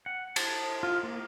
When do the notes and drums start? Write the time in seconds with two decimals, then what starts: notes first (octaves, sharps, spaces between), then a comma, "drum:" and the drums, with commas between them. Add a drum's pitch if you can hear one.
0.06 F#5
0.36 A5, drum: cymbal
0.83 F4
1.03 A#3